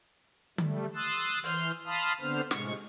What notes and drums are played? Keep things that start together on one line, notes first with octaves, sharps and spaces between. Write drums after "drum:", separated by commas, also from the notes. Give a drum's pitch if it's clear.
G3 A3, drum: tom D3
C6 D#6 E6 F#6 A6
E3 C6 F6 G6, drum: open hi-hat
F5 A5 B5 C6 D#6 F6
D3 B3 C4 D4 C5 F6
A2 C3 G#3 C#6, drum: snare